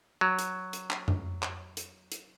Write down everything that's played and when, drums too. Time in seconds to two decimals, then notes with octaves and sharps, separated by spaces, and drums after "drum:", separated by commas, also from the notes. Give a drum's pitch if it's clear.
0.21 F#3
0.39 drum: hi-hat
0.73 drum: hi-hat
0.90 drum: clap
1.08 drum: tom F2
1.42 drum: clap
1.77 drum: hi-hat
2.12 drum: hi-hat